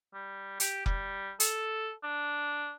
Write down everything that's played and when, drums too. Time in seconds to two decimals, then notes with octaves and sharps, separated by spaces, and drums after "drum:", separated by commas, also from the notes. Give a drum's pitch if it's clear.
0.14 G3
0.60 G4, drum: hi-hat
0.86 G3, drum: kick F1
1.40 A4, drum: hi-hat
2.04 D4